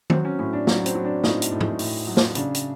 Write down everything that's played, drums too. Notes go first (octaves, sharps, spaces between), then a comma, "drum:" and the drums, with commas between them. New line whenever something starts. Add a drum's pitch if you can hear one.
F#3 C4, drum: tom D#3
C#4
A2 C#4
D4
F#3, drum: snare
C4, drum: hi-hat
F#3
D4
A2 D#4, drum: snare
drum: hi-hat
A2
drum: tom G#2
A2, drum: open hi-hat
F#3
drum: snare
C#3 D4, drum: hi-hat
drum: hi-hat